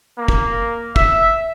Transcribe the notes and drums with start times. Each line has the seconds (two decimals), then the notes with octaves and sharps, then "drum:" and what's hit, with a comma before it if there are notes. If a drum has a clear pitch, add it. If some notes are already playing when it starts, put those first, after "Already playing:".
0.18 A#3
0.28 drum: kick
0.96 E5, drum: kick